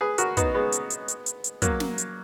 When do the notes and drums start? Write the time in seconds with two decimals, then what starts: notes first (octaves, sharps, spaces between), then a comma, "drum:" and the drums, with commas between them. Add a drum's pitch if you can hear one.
0.01 G#4 B4
0.18 F#4 A#4, drum: hi-hat
0.37 B3 D#4, drum: kick, hi-hat
0.55 G#3 B3
0.73 drum: hi-hat
0.90 drum: hi-hat
1.08 drum: hi-hat
1.26 drum: hi-hat
1.44 drum: hi-hat
1.62 F#3 A#3, drum: kick, hi-hat
1.80 drum: snare
1.98 drum: hi-hat